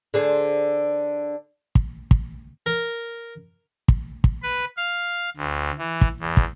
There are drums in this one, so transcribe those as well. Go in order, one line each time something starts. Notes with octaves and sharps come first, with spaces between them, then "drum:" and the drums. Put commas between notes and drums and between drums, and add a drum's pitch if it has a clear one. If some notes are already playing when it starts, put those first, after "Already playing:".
D3 G#4 C5
drum: kick
drum: kick
A#4
drum: kick
drum: kick
B4
F5
D2
E3
drum: kick
E2
drum: kick